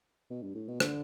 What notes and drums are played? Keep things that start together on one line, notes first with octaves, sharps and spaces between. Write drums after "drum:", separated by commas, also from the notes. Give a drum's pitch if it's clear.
B2
G2
A2
B2
D3, drum: rim click